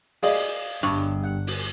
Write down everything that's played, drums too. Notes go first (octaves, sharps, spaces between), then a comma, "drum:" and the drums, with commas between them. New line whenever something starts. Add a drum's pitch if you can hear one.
G#4 D5 D#5 F5 B5, drum: open hi-hat
G1 G2 C#5 A5, drum: hi-hat
F#5
drum: open hi-hat